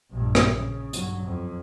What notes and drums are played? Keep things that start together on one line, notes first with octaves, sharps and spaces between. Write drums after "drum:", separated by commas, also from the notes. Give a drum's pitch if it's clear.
A#1 G2
drum: rim click
C#3
G2 F#3, drum: hi-hat
F2